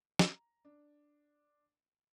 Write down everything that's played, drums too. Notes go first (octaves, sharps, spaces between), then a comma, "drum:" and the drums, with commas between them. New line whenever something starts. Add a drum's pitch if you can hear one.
A#5, drum: snare
D4